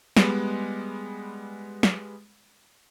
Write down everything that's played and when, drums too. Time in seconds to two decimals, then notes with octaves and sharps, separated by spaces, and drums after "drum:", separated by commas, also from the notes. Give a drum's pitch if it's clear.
0.17 G3 G#3 B3, drum: snare
1.83 drum: snare